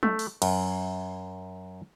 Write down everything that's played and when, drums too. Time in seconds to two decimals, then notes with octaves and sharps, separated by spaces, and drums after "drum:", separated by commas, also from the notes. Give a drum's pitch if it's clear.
0.03 A3, drum: tom
0.19 drum: open hi-hat
0.42 F#2, drum: cymbal